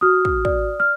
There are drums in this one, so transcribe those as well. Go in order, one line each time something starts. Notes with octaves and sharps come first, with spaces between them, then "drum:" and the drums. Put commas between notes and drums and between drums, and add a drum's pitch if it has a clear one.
F#4 D#6 F6
drum: kick
D5, drum: kick
F6